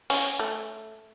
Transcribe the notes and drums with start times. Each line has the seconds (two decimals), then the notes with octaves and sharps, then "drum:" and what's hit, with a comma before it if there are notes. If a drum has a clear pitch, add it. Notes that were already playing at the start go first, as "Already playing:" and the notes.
0.10 C#4, drum: open hi-hat
0.40 A3